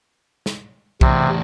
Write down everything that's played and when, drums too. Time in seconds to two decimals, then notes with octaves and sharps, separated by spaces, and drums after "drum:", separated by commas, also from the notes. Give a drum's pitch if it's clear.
0.46 drum: snare
1.01 E2 A2 C3, drum: kick B1